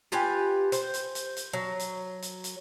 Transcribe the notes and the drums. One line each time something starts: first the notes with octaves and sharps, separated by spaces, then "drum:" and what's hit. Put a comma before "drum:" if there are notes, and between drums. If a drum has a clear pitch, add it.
F4 G4 B4 G#5
C5, drum: hi-hat
drum: hi-hat
drum: hi-hat
drum: hi-hat
F#3
drum: hi-hat
drum: hi-hat
drum: hi-hat